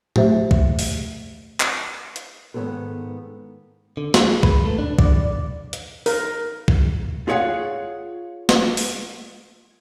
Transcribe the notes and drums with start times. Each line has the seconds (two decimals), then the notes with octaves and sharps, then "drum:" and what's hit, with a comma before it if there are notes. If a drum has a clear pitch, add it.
0.16 A3 G4 C5 E5, drum: tom A2
0.51 drum: kick
0.79 drum: open hi-hat
1.60 drum: clap
2.16 drum: hi-hat
2.54 G#2 D#3 A3 B3 A4 B4
3.97 D3
4.14 G#3, drum: snare
4.43 B4, drum: kick
4.65 A3
4.79 D4
4.99 D5, drum: kick
5.73 drum: hi-hat
6.06 A#4, drum: open hi-hat
6.68 drum: kick
7.28 F4 G#4 C#5 F5 F#5
8.49 drum: snare
8.77 drum: open hi-hat